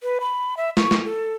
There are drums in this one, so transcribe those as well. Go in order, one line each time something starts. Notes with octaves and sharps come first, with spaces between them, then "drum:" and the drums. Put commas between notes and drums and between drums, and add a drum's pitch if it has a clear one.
B4
B5
E5
C#6, drum: snare
drum: snare
A4